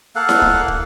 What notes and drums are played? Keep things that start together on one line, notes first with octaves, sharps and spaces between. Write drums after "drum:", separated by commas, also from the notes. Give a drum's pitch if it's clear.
A#3 A4 F5 F#5
drum: snare E4
drum: kick
drum: kick